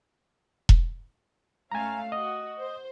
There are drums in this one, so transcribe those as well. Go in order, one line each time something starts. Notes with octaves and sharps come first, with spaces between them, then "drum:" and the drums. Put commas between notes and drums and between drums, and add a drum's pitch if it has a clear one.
drum: kick E1
A3 C#4 F5 G#5 A#5
F#4 D#5 D#6
C5